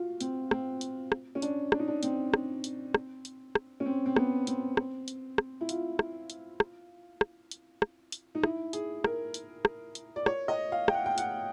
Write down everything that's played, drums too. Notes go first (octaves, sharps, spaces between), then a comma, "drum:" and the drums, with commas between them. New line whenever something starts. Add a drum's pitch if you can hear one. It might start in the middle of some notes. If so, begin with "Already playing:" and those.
Already playing: F4 F#4
C4, drum: hi-hat
C4, drum: rim click
drum: hi-hat
drum: rim click
C#4
D4, drum: hi-hat
D4, drum: rim click
D#4
D4
C4, drum: hi-hat
drum: rim click
drum: hi-hat
drum: rim click
drum: hi-hat
drum: rim click
C#4
C4
C4
B3, drum: rim click
C4, drum: hi-hat
drum: rim click
drum: hi-hat
drum: rim click
E4
F4, drum: hi-hat
drum: rim click
drum: hi-hat
drum: rim click
drum: rim click
drum: hi-hat
drum: rim click
drum: hi-hat
D#4
E4, drum: rim click
G#4, drum: hi-hat
A#4, drum: rim click
drum: hi-hat
drum: rim click
drum: hi-hat
D5
C#5, drum: rim click
D#5
F5
G5, drum: rim click
F#5
G5
F#5, drum: hi-hat